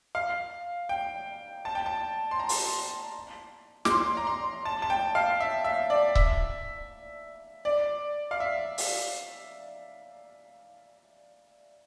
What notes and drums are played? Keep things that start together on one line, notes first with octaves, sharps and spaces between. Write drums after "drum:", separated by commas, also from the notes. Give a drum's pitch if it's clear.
F5
G5
A5
G5
A5
C6
A#5
drum: open hi-hat
D6, drum: snare
C6
A#5
C6
A5
A5
G5
F5
E5
E5
D5
E5, drum: kick C#1
D5
F5
E5
drum: open hi-hat